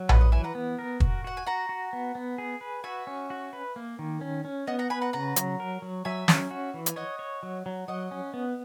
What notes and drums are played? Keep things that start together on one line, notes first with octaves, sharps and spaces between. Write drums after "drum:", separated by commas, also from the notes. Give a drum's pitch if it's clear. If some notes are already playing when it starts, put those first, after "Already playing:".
Already playing: F#3
B4 D#5 F#5, drum: tom A#1
D#5 F#5
E3 E5 G#5
F#5 A#5
B3
A#4
F#4, drum: kick
F#4 F#5
G#5
F#4 F#5 A#5
F#4
B3
B3
G#4
B4
F#4 E5 G#5
C#4
F#4
B4
A#3
D#3
C#4
C#4
B3 D#5 F#5
F#5 A#5
B4 G#5 B5
F#5 A#5
C#3 F#5 A#5
F#3, drum: hi-hat
A#4
F#3
F#3 E5 G#5
C#4, drum: snare
F#4
E3
G#5, drum: hi-hat
C#5 D#5 F#5
C#5
F#3
F#3
F#3 D#5 F#5
C#4
B3